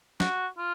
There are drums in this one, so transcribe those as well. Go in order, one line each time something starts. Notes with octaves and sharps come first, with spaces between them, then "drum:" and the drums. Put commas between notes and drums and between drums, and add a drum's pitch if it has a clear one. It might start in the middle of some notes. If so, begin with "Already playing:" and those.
F#4, drum: snare
F4